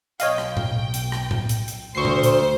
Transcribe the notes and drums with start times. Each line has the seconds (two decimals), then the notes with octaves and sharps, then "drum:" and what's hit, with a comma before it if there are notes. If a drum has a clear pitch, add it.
0.20 B1 C#5 D#5 F5 G5, drum: hi-hat
0.38 drum: rim click
0.57 drum: tom A2
0.94 drum: hi-hat
1.12 drum: rim click
1.31 drum: tom A2
1.49 drum: hi-hat
1.68 drum: hi-hat
1.95 D2 C5 C#6 C7
2.05 drum: tom A#2
2.23 drum: hi-hat